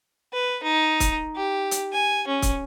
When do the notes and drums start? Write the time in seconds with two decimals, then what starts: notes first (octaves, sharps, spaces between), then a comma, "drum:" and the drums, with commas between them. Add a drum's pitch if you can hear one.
0.33 B4
0.63 D#4
1.00 drum: kick, hi-hat
1.36 G4
1.71 drum: hi-hat
1.93 G#5
2.28 C#4
2.42 drum: kick, hi-hat